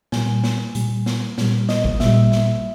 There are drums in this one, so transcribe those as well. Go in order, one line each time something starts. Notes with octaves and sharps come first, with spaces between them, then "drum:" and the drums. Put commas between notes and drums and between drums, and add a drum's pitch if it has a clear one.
A#2 G3 G#5, drum: snare
drum: snare
A#2 G3, drum: hi-hat
drum: snare
A#2 G3, drum: snare
D#5, drum: snare
drum: kick G#1
A#2 G3 E5, drum: snare
drum: snare